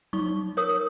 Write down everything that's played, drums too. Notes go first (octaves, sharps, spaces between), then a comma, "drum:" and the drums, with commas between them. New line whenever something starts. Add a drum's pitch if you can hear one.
D#4 C#6, drum: tom F3
A#4 C#5 D#6